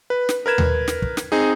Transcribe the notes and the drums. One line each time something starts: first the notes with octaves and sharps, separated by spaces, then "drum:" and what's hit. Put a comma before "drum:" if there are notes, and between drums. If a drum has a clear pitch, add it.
B4
drum: snare
A#4 B4 G#6 E7
drum: tom D#2
drum: snare
drum: kick
drum: snare
C4 D#4 G#4